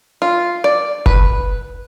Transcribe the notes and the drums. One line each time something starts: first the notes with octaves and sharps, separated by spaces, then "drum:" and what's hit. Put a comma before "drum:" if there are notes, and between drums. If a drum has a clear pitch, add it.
F4
D5
B4, drum: kick F#1